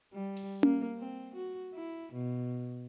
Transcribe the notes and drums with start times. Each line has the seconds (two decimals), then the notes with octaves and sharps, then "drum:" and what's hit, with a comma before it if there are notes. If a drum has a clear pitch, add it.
0.13 G3
0.36 drum: open hi-hat
0.63 A#3, drum: tom C#4
0.98 C4
1.35 F#4
1.74 E4
2.13 B2